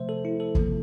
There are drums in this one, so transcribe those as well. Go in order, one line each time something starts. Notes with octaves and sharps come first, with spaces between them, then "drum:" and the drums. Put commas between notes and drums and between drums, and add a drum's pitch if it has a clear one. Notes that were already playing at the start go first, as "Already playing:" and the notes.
Already playing: C3 F3 A3 C5 E5
A4
E4
A4
C3 F3 A#3, drum: kick